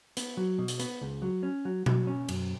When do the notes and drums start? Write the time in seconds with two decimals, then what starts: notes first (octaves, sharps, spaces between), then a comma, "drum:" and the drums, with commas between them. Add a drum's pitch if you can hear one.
0.17 B3, drum: hi-hat
0.37 F#3
0.58 B2
0.68 drum: hi-hat
0.79 B3, drum: hi-hat
1.01 C#2
1.22 F#3
1.43 C#4
1.65 F#3
1.86 F#3, drum: tom B2
2.07 C#4
2.29 F#2, drum: cymbal